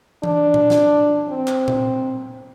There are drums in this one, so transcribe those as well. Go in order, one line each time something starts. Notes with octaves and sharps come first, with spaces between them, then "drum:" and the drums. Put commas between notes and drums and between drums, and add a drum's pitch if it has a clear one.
D4, drum: tom E3
drum: tom A#2
drum: snare
C4
drum: clap
drum: tom A#2